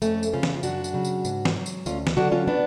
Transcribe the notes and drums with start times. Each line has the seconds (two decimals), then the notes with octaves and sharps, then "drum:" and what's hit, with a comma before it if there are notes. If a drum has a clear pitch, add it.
0.02 F2 A3 C#4, drum: tambourine
0.23 drum: tambourine
0.33 C#3 F3 C#4 F4
0.43 drum: snare
0.54 F4
0.63 F#2 D4 F#4, drum: tambourine
0.84 drum: tambourine
0.94 C#3 F#3
1.05 drum: tambourine
1.25 G#2, drum: tambourine
1.45 drum: snare
1.56 F#3
1.66 drum: tambourine
1.86 D2 C#4 F4, drum: tambourine
2.07 drum: snare
2.17 D3 F#3 D4 F#4
2.32 C#4 F4
2.47 B3 D4